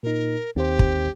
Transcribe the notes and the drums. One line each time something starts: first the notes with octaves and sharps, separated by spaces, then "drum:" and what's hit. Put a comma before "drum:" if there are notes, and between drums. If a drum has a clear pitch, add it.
A#2 D#4 A#4
D#2 C4 G4 C5
drum: kick